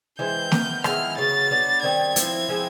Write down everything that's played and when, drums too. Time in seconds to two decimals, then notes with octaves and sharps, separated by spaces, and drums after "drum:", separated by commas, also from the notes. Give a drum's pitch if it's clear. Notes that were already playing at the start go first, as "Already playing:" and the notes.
0.19 E3 G#3 C4 G6
0.52 B3 D#4 F#4 A#4, drum: snare
0.84 D#3 G#3 B3 E4 F6, drum: rim click
1.17 C#3 F#3 B3 A6
1.51 F#3 B3 D4
1.83 D#3 G3 C4 G#6
2.16 F3 A3 C4 E4, drum: hi-hat
2.49 F3 G#3 C4 E4